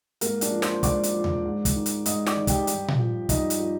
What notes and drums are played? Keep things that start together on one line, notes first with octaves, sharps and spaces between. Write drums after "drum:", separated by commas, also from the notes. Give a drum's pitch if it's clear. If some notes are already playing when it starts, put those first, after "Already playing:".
G#2 A#3 A#4, drum: hi-hat
D4 D5, drum: hi-hat
F3
C5 C6, drum: snare
G#2 D5 D6, drum: kick, hi-hat
drum: hi-hat
F3
drum: tom D#2
G#2
drum: kick, hi-hat
D#3
drum: hi-hat
G#2 D#5 D#6, drum: hi-hat
D5 D6, drum: snare
D#3
G4 G5, drum: kick, hi-hat
G2, drum: hi-hat
drum: tom A#2
F3
G2 D#4 D#5, drum: kick, hi-hat
drum: hi-hat
F3